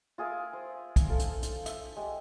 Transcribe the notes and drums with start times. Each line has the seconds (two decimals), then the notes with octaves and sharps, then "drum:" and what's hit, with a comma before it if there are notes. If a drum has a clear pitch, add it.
0.18 F4 G#4 A#4 E5
0.53 C5
0.96 drum: kick, hi-hat
1.09 F4 A4
1.19 drum: hi-hat
1.42 drum: hi-hat
1.66 E5, drum: hi-hat
1.96 G#3 G4